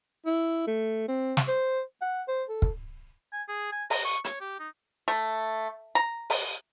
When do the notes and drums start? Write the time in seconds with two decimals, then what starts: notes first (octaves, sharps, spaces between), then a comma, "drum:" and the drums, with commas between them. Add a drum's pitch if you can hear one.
0.26 E4
0.67 A3
1.08 C4
1.37 drum: snare
1.48 C5
2.01 F#5
2.28 C5
2.49 A4
2.62 drum: kick
3.33 G#5
3.48 G#4
3.72 G#5
3.90 A#5, drum: open hi-hat
4.05 C#6
4.24 C#5, drum: hi-hat
4.40 G4
4.59 D#4
5.08 A3
5.95 A#5
6.30 drum: open hi-hat